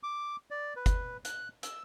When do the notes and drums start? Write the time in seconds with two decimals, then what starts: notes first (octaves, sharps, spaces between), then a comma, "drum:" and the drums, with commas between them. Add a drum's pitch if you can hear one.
0.03 D6
0.51 D5
0.76 B4
0.86 drum: kick G1, hi-hat
1.25 F#6, drum: hi-hat
1.63 E6, drum: hi-hat